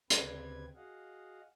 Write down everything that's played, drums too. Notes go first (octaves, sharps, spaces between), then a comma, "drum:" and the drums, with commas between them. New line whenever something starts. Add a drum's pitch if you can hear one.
D2 C#3 C4 G4 B4 G#6, drum: hi-hat
F#4 G#4 D#5 F5 F#5